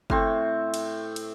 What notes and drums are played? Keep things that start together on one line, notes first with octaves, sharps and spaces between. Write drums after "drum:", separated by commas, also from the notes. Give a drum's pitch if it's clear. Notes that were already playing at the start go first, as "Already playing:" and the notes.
A2 C4 C#6, drum: kick F#1
drum: cymbal
drum: cymbal